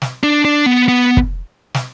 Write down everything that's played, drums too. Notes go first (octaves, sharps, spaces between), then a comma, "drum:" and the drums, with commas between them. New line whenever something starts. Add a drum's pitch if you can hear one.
drum: snare
D4
D4
B3
B3
drum: kick
drum: snare